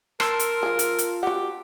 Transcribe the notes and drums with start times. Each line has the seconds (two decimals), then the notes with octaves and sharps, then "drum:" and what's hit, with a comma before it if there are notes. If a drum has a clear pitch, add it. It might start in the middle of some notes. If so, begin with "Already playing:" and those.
0.20 A#4 A5 C6 E6, drum: rim click
0.39 drum: hi-hat
0.63 F3 F4 G#4
0.79 drum: hi-hat
0.98 drum: hi-hat
1.23 F#4 G4 F#5